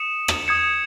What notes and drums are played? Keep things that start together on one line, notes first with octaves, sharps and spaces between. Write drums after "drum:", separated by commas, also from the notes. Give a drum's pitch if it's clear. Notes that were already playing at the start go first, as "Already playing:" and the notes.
Already playing: D#6 C#7 E7
drum: rim click
D#6 G#6 C#7 E7